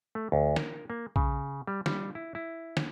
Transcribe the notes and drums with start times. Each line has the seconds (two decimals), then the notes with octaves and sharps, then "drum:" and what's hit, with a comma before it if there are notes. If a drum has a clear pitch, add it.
0.15 A3
0.32 D2
0.56 A#4, drum: snare
0.90 A#3
1.16 C#3, drum: kick
1.67 G3
1.86 G3, drum: snare
2.15 E4
2.35 E4
2.77 drum: snare